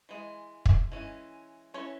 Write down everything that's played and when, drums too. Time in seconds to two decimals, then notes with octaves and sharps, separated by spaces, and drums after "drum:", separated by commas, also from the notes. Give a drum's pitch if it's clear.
0.09 E3 G#3
0.66 drum: kick
0.92 E3 G#3 C#4
1.74 E3 C#4 E4 C#5